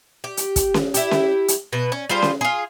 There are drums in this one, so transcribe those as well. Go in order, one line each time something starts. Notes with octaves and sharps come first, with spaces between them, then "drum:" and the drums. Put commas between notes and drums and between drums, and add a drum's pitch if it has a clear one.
G4
drum: hi-hat
drum: kick, hi-hat
drum: snare C#4
E4 G4, drum: hi-hat
drum: snare C#4
drum: hi-hat
B2 B4
C#4
G3 F4 G#4 C5
drum: snare C#4
F4 G#4